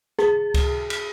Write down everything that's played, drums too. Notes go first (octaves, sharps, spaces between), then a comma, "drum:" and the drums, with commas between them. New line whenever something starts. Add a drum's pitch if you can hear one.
G#4, drum: rim click
drum: kick C#2, cymbal
drum: cymbal